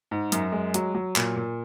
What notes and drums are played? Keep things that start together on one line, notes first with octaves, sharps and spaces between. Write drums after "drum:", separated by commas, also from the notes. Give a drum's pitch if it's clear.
G#2
F#2, drum: hi-hat
G#3
F#3, drum: hi-hat
F#3
A#2, drum: clap
A#2